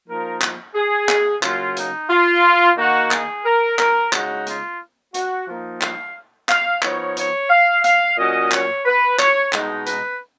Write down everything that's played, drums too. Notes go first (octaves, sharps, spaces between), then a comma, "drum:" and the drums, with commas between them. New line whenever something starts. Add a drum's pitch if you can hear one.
F3 A#3 D#4 A#4
drum: clap
G#4
drum: clap
C#3 F#3 A#3 F4, drum: clap
D#4, drum: hi-hat
F4
D#3 A#3 D#4 F#4
G#4, drum: clap
A#4
A#4, drum: clap
C#3 G#3 D#4 F#4, drum: clap
F4, drum: hi-hat
F#4, drum: hi-hat
F3 A#3 D#4
F5, drum: clap
F5, drum: clap
F3 B3 D#4 C#5, drum: clap
C#5, drum: hi-hat
F5
F5, drum: hi-hat
A#2 F#3 C#4 D#5
C#5, drum: clap
B4
C#5, drum: clap
B2 G#3 D#4, drum: clap
B4, drum: hi-hat